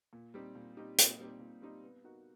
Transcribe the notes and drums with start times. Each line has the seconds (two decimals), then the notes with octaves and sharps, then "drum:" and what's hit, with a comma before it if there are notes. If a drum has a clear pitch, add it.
0.13 A#2
0.34 G3 C4 D#4 G4
0.55 A#2
0.77 G3 C4 D#4 G4
0.99 A#2, drum: hi-hat
1.19 G3 C4 D#4 G4
1.40 A#2
1.62 G3 C4 D#4 G4
1.83 B3
2.04 D#4 F#4 A#4